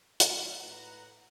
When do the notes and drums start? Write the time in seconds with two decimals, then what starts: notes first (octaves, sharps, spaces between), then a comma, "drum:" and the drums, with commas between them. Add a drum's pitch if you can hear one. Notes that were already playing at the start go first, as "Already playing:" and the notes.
0.20 G1 G#2 D#3 G#3 E5 F5, drum: hi-hat
0.59 A2 B4 F#5 A#5